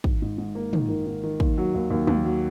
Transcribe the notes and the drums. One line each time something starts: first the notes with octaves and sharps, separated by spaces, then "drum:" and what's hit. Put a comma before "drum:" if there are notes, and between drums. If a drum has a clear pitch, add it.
G#1, drum: kick
G#2
G#2
A#3
D#3, drum: tom
D#3
G#2
D#3
D#2, drum: kick
F#3
D#2
D#2
D#2, drum: tom
F#3